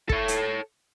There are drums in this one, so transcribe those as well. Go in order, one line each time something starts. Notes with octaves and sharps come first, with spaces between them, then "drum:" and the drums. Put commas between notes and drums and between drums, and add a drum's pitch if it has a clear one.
A4 C#5, drum: kick
drum: hi-hat